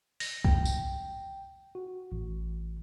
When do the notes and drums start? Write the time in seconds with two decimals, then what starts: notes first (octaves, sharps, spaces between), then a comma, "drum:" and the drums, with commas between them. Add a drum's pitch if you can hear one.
0.20 A#6, drum: open hi-hat
0.45 G5, drum: kick B1
0.65 drum: tambourine
1.75 F#4
2.12 A1